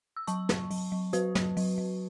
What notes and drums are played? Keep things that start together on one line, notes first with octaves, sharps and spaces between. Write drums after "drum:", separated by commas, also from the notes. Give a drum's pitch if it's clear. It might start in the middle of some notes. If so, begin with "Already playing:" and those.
E6
F#3 A5 C#6, drum: hi-hat
F#3, drum: snare
F#3, drum: open hi-hat
F#3
F#3 F#4 B4, drum: hi-hat
F#3, drum: snare
F#3, drum: open hi-hat
F#3